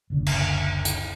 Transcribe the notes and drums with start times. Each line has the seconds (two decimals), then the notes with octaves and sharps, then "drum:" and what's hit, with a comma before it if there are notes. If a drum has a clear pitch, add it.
0.10 F#1 C#2 D3
0.26 drum: cymbal
0.85 drum: hi-hat